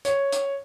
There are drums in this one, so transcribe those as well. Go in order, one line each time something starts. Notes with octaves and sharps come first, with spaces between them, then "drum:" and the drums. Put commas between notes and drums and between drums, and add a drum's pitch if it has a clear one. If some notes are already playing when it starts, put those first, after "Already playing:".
C#5, drum: hi-hat
drum: hi-hat